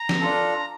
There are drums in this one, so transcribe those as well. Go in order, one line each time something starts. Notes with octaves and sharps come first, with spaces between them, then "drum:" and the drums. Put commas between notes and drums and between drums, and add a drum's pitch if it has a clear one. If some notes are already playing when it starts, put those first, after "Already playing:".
Already playing: A#5
drum: snare
D4 F4 A4